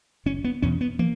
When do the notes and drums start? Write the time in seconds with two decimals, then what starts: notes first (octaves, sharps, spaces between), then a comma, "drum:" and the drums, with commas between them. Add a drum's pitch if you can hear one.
0.26 F#1 C#4
0.44 B3
0.62 E2 B2 C#4
0.81 B3
0.99 A#3, drum: tom